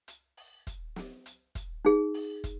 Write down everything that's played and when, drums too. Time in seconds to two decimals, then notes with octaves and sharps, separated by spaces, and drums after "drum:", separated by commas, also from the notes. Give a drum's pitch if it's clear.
0.08 drum: hi-hat
0.37 drum: open hi-hat
0.67 drum: kick, hi-hat
0.96 drum: snare
1.26 drum: hi-hat
1.55 drum: kick, hi-hat
1.85 D#4 G#4
2.14 drum: open hi-hat
2.44 drum: kick, hi-hat